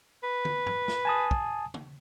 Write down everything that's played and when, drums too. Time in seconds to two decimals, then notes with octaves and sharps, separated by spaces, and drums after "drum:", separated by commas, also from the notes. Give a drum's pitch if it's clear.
0.23 B4
0.45 drum: tom
0.66 drum: tom
0.88 drum: snare
1.05 G#5 A5 D#6
1.31 drum: kick
1.74 drum: tom